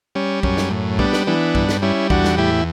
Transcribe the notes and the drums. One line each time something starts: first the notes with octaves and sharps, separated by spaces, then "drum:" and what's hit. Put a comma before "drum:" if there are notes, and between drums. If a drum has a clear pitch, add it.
G3 C#4
F#2 C#4, drum: kick
drum: snare
A2
G3 B3 D4, drum: kick
drum: snare
E3 B3 D4
G2, drum: kick
drum: snare
G3 C#4 E4
E2 D4 F#4, drum: kick
drum: snare
A2 E4 G4